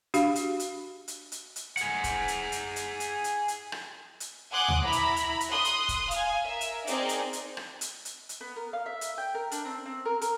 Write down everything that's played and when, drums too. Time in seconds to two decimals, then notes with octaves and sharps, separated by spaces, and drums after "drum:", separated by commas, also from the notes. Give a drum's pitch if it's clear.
0.14 D4 F#4 G4 F5, drum: hi-hat
0.35 drum: hi-hat
0.60 drum: hi-hat
1.08 drum: hi-hat
1.32 drum: hi-hat
1.56 drum: hi-hat
1.77 G#4 F#5, drum: hi-hat
2.04 drum: kick, hi-hat
2.28 drum: hi-hat
2.52 drum: hi-hat
2.76 drum: hi-hat
3.00 drum: hi-hat
3.24 drum: hi-hat
3.48 drum: hi-hat
3.72 drum: rim click
4.20 drum: hi-hat
4.51 F#5 G#5 C6 D6 D#6 F#6
4.68 drum: tom D2
4.83 E4 A#5 B5
4.92 drum: hi-hat
5.16 drum: hi-hat
5.41 drum: hi-hat
5.50 C6 D#6 F#6
5.65 drum: hi-hat
5.89 drum: kick, hi-hat
6.11 F5 G#5, drum: hi-hat
6.45 A#4 E5
6.61 drum: hi-hat
6.87 C4 D#4 G#4 A#4 D5, drum: hi-hat
7.09 drum: hi-hat
7.33 drum: hi-hat
7.57 drum: rim click
7.81 drum: hi-hat
8.05 drum: hi-hat
8.29 drum: hi-hat
8.41 B3
8.56 A#4
8.73 F5
8.86 E5
9.01 drum: hi-hat
9.18 G5
9.35 A#4
9.52 D4, drum: hi-hat
9.65 C4
9.86 C4
10.05 A#4
10.21 A#4, drum: hi-hat